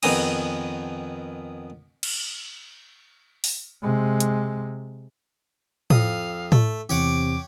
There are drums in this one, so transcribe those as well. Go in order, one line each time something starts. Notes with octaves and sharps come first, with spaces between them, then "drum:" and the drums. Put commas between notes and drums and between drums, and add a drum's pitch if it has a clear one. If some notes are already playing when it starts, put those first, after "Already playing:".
F2 D#3 B3 G#4 A#5 D#6, drum: cymbal
drum: cymbal
drum: open hi-hat
C3 G#3
drum: hi-hat
F2 F5 D#6, drum: tom A2
A3, drum: tom A2
E2 C3 E3 G4 C#5 F#5 D6